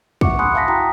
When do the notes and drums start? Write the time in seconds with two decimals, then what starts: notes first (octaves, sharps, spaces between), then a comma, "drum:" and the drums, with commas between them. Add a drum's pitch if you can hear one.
0.21 E5 F#5 C#6 D6 C#7, drum: kick
0.39 G#5 B5 C6 D#6 F#6
0.54 E5 F5 A5 D#6 A#6 B6
0.68 E4 F#4 F5 G5 G#5 A#5